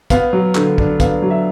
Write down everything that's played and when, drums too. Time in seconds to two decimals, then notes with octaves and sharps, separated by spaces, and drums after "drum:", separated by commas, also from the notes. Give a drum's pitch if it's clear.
0.10 B3 F5, drum: kick, hi-hat
0.33 F#3
0.55 D3, drum: clap
0.78 D4, drum: kick
1.00 B3 F5, drum: kick, hi-hat
1.22 F#3
1.31 E5